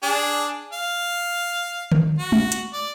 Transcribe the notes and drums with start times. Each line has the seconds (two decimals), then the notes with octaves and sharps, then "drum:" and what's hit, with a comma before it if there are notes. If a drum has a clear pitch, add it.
0.03 D4 G#4
0.73 F5
1.92 drum: tom D3
2.19 F#4
2.32 drum: tom G#3
2.52 drum: hi-hat
2.73 D5